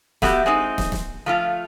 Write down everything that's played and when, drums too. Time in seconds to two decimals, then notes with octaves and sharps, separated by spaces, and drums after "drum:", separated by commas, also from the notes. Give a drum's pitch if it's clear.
0.22 A3 B3 F#4 G4, drum: snare
0.46 G#3 C4 D#4
0.78 drum: snare
0.92 drum: snare
1.26 F3 A3 F4